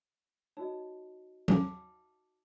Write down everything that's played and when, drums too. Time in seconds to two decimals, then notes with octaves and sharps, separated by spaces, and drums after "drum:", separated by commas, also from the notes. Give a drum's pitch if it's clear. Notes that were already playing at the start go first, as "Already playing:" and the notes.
0.57 D#4 F#4 C#5 D#5 A5
1.48 A5 D6, drum: tom F#3